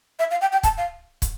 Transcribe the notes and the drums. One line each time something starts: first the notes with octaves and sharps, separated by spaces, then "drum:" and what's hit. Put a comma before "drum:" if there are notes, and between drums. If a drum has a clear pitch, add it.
E5
F5
G5
G5
A5, drum: kick, hi-hat
F5
drum: kick, hi-hat